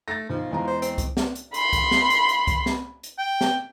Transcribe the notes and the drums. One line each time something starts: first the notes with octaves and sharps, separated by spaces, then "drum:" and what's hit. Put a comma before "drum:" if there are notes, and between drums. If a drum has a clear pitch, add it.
A3 A6 A#6
B1 F3
E2 G#3 A#5
C5
C4, drum: hi-hat
drum: kick C2, hi-hat
drum: snare
drum: hi-hat
B5 C6, drum: hi-hat
drum: kick C2, hi-hat
drum: snare
drum: hi-hat
drum: hi-hat
drum: kick C2, hi-hat
drum: snare
drum: hi-hat
G5
drum: snare